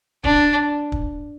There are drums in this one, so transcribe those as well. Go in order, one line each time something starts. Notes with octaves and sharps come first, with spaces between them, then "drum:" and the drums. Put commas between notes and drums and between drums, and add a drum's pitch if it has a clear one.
D4, drum: kick
drum: kick